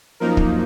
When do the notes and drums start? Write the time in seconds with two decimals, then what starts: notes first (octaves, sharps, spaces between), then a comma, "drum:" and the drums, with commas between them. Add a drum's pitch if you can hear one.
0.20 F#2 F3 A#3 D#4 A#4
0.37 drum: kick